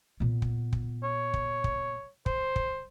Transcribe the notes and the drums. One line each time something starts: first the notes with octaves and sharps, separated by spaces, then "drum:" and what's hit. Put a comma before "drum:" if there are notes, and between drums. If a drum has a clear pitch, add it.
A#2 B3
drum: kick
drum: kick
C#5
drum: kick
drum: kick
C5, drum: kick
drum: kick